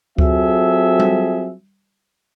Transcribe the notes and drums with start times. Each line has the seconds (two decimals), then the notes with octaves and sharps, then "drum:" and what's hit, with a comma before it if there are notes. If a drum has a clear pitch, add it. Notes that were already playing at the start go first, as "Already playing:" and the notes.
0.18 F#3 C4 F4 G#4 A4 E5, drum: kick C#2
0.99 drum: tom G3